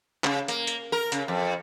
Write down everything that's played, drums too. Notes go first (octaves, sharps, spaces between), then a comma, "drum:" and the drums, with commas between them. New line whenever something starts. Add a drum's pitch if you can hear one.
C#3, drum: clap
A#3, drum: hi-hat
drum: hi-hat
A#4
C#3, drum: hi-hat
F2